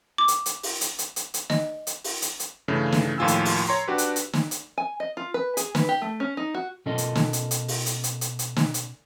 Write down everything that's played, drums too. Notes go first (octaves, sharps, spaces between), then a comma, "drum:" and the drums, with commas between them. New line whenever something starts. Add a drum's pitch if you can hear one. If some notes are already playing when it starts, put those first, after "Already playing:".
D6
drum: hi-hat
drum: hi-hat
drum: open hi-hat
drum: hi-hat
drum: hi-hat
drum: hi-hat
drum: hi-hat
D#5, drum: snare
drum: hi-hat
drum: open hi-hat
drum: hi-hat
drum: hi-hat
G2 C#3 E3 A3
drum: snare
D#2 A2 F3 F4 G#5 E6
drum: hi-hat
drum: open hi-hat
C#5 A#5 C6
D4 F#4 G4 B4
drum: hi-hat
drum: hi-hat
drum: snare
drum: hi-hat
G#5
D#5
F4
B4
G#4, drum: hi-hat
B4, drum: snare
G4
A3
C#4
D#4
F#4
B2 C#4 F4 A4 A#4 D#5
drum: hi-hat
drum: snare
drum: hi-hat
drum: hi-hat
drum: open hi-hat
drum: hi-hat
drum: hi-hat
drum: hi-hat
drum: hi-hat
drum: snare
drum: hi-hat